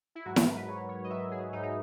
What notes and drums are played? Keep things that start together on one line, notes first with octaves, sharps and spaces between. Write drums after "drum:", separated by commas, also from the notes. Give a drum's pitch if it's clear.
E4
G#2 F#3 F#4
A#4, drum: snare E4
B4
B4
G#2 F#3 C#5
C#5
D#5
G#2 F#3 E5
G#4
G#2 F#3 D#4
D#4